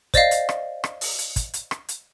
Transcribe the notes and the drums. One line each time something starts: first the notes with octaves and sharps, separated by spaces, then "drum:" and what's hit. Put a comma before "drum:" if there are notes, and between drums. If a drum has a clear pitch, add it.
C5 D5 D#5 F5, drum: kick, hi-hat
drum: hi-hat
drum: rim click
drum: rim click
drum: open hi-hat
drum: hi-hat
drum: kick, hi-hat
drum: hi-hat
drum: rim click
drum: hi-hat